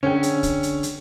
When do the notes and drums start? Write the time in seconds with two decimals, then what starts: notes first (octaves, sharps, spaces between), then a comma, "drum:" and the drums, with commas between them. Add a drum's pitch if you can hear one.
0.03 D3 C#4 G#4 G5
0.23 drum: hi-hat
0.43 drum: kick, hi-hat
0.63 drum: hi-hat
0.83 drum: hi-hat